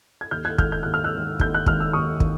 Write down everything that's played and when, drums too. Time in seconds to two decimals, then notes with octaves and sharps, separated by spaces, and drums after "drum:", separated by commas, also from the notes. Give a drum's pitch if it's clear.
0.21 G#6
0.31 D#2 F6 G6
0.45 F#6 G#6
0.58 D#3 G#3 F6 G6, drum: kick
0.72 G6
0.83 D#2 F#6
0.94 F6
1.04 E6 F#6
1.12 D#3 G#3
1.39 D#2 G6, drum: kick
1.54 F#6
1.66 D#3 G#3 F6, drum: kick
1.80 E6
1.93 D#2 C#6 D#6
2.20 D#3, drum: kick